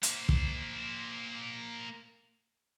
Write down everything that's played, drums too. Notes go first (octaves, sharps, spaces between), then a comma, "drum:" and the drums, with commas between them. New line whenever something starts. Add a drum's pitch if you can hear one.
A#3 C5, drum: hi-hat
drum: kick